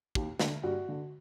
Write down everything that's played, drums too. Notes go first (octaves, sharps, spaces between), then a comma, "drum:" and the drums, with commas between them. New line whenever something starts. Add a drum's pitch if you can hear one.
D#2, drum: kick
D3, drum: snare
G2 F#4
D3